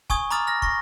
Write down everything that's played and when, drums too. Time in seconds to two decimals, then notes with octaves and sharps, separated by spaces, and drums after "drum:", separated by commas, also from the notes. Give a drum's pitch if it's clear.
0.10 G#5 C#6 D#6 G#6, drum: kick
0.30 A#5 B5 D6 D#6 F6 A6
0.47 F6 A#6
0.62 C#6 A#6, drum: kick